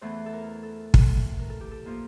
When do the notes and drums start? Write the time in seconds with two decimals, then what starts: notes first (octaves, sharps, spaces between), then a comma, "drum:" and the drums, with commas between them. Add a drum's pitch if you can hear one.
0.01 E2 E3 A3 C5
0.26 A4
0.33 A#4
0.63 A4
0.94 drum: kick
1.39 A#4
1.50 A4
1.61 G4
1.71 A4
1.86 F3 A#3 F4